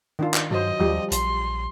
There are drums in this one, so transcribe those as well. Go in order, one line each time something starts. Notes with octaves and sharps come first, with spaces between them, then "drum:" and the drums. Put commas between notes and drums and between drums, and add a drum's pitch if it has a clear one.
D#3 D4 F4
drum: clap
G2 F#3 C5 D#5
D#2 F3 G3 G4
A#1 C6, drum: hi-hat